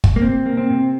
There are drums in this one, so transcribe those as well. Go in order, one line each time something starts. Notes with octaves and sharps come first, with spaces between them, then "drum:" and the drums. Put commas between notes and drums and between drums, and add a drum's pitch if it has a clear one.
drum: kick
A#3
C3 C4
A#3
C4
C3